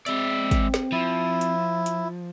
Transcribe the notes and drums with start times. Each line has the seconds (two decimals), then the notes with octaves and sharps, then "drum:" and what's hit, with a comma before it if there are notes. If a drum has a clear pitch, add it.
0.06 G#3 C4 D5 E5, drum: hi-hat
0.51 drum: kick, hi-hat
0.74 drum: snare
0.92 F3 E4
1.41 drum: hi-hat
1.86 drum: hi-hat